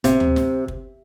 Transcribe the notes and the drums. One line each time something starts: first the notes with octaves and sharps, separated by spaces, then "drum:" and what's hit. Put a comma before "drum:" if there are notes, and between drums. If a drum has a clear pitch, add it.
C3, drum: kick, hi-hat
drum: tom
drum: snare
drum: kick